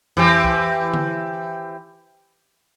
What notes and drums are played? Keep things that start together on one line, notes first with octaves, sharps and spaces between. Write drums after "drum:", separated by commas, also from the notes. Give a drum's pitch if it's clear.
E3 C4 G4, drum: tom F2
drum: kick
drum: tom D3